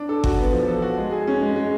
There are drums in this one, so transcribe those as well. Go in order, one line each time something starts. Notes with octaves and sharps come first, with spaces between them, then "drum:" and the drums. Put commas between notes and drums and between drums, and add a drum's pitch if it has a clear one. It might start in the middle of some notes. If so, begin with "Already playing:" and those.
Already playing: D4
A4
F#4, drum: kick G1
B3
F3
A4
F#4
G#3
G#4
C#4
G#3
G#3